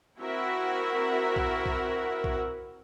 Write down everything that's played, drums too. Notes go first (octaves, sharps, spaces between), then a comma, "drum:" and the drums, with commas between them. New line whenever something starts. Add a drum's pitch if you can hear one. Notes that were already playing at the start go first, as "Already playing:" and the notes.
C4 E4 F#4 A#4 E5 F#5
drum: kick B1
drum: kick B1
drum: kick B1